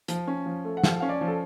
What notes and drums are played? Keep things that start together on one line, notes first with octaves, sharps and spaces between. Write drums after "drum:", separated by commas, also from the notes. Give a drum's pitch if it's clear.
F3, drum: hi-hat
C#4
F3
A3
F#5
F3 F5, drum: snare
C#4 F5
D5
F3
A4